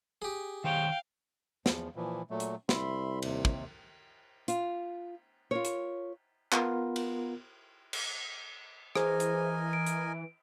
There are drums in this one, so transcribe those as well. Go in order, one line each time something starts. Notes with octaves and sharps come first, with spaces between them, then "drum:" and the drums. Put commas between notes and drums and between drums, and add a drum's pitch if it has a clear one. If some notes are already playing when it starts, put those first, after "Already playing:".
G4 G#4
D#3 C5 C#5 F5 G5
E2 F3, drum: snare
A#2 E3 F3
A#2 F#3 A3
drum: hi-hat
C2 E5 B5 C6, drum: snare
D#2 C3, drum: cymbal
drum: kick
F4, drum: hi-hat
F4 A#4 C#5
drum: hi-hat
B3 F4 A#4, drum: clap
drum: cymbal
drum: cymbal
E3 G#4 A#4 C5 D#5 G#5, drum: rim click
drum: hi-hat
D7
drum: hi-hat